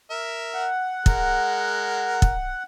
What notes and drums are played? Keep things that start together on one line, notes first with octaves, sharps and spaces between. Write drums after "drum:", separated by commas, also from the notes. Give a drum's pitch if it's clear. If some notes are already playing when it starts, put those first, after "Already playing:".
A#4 E5
F#5
G#3 A#4, drum: kick
drum: kick